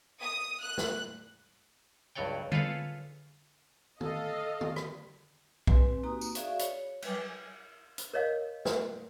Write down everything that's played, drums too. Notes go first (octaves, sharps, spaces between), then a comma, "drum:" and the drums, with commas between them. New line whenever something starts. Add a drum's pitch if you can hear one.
D#6
F#6
drum: snare
C#2 G2 F#3 C#5 D5 G5
F4 G#4 A4 B4 C#5 F5, drum: tom D3
A4 D#5 F5, drum: tom
drum: tom
drum: rim click
C4 G4 B4 G#5 C6, drum: kick B1
A#3 D#4 F#4 A#5 D#6
drum: tambourine
F#4 G#4 D5 E5 F5 C#6, drum: hi-hat
C#5, drum: hi-hat
F#3 G3 B4 G5 G#5 D6, drum: cymbal
drum: hi-hat
A#4 C#5 D#5 F5
drum: snare